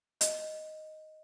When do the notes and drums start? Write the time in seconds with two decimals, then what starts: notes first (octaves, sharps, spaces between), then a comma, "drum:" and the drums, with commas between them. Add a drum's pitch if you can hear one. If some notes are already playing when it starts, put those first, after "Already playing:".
0.21 D#5, drum: hi-hat